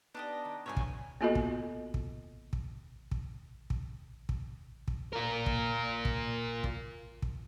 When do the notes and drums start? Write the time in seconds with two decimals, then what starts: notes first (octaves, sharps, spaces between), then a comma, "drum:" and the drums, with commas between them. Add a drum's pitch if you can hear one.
0.15 B3 D4 D#4 G4 D5 D#5
0.45 D#3
0.66 C2 G2 B2 C#5 E5 G#5
0.77 drum: kick
1.21 A#3 B3 F4 F#4 A4 D#5
1.35 drum: kick
1.94 drum: kick
2.53 drum: kick
3.11 drum: kick
3.70 drum: kick
4.29 drum: kick
4.88 drum: kick
5.13 F4 A#4
5.46 drum: kick
6.05 drum: kick
6.64 drum: kick
7.22 drum: kick